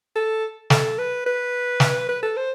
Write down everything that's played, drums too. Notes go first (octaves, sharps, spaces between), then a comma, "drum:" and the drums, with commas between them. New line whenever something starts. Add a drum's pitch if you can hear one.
A4
A4, drum: snare
B4
B4
drum: snare
B4
A4
C5